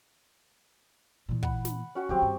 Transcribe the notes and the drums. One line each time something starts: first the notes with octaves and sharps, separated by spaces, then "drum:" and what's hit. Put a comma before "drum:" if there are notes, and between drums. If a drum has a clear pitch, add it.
A#2 E3
F#5 B5, drum: kick
drum: snare
C#4 F#4 F#5
D#3 F#3 C4 G4 C#6
G2